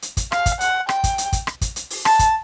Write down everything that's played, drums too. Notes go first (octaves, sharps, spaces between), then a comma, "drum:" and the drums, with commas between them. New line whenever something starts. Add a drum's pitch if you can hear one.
drum: hi-hat
drum: kick, hi-hat
F5, drum: rim click
drum: kick, hi-hat
F#5, drum: hi-hat
G5, drum: rim click
drum: kick, hi-hat
drum: hi-hat
drum: kick, hi-hat
drum: rim click
drum: kick, hi-hat
drum: hi-hat
drum: open hi-hat
A5, drum: rim click
drum: kick, hi-hat